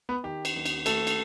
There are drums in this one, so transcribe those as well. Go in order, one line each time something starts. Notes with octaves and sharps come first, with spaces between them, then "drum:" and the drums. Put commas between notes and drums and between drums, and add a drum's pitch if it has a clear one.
B3 B4
D#3 G4
drum: cymbal
D#2
drum: cymbal
A3 A4, drum: cymbal
drum: cymbal